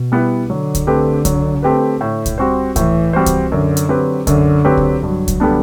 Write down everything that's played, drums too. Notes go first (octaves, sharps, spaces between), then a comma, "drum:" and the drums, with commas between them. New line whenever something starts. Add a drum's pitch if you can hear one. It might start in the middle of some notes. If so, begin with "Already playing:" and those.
Already playing: B2
G3 B3 E4 B4
D3 F#3
drum: kick C2, hi-hat
A3 C4 G4 B4
F#3, drum: kick C2, hi-hat
A3 C4 G4 B4
A2
drum: kick C2, hi-hat
G3 C4 F#4 C5
A2 E3, drum: kick C2, hi-hat
G3 C4 F#4 C5
drum: kick C2, hi-hat
F#2 D3
drum: hi-hat
F#3 C4 G4 B4
F#2 D3, drum: kick C2, hi-hat
F#3 C4 G4 B4
drum: kick C2
G2 F#3
drum: kick C2, hi-hat
D3 G3 B3 D4